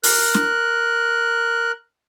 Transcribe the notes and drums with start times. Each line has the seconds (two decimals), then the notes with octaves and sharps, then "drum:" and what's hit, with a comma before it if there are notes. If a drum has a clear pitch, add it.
0.03 A#4 F#6, drum: open hi-hat
0.34 drum: snare